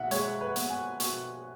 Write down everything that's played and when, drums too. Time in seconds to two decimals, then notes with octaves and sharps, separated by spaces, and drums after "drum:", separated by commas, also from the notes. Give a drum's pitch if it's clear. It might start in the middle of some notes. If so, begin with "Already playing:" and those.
Already playing: B1 E5 F#5
0.11 G#3 C#5, drum: hi-hat
0.41 B4
0.56 B3, drum: hi-hat
0.70 G#5
1.00 B2 C#6, drum: hi-hat